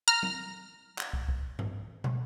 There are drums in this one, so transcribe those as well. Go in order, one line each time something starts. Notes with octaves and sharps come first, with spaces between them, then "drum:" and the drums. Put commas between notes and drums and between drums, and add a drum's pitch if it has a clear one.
A#5 F6
drum: tom F#3
drum: clap
drum: kick
drum: kick
drum: tom G2
drum: tom